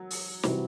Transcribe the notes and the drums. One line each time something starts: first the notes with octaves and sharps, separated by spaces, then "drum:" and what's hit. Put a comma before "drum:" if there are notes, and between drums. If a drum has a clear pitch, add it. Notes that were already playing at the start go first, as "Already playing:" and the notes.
Already playing: F#3
drum: open hi-hat
C3 E3 G3 C4 F#4, drum: snare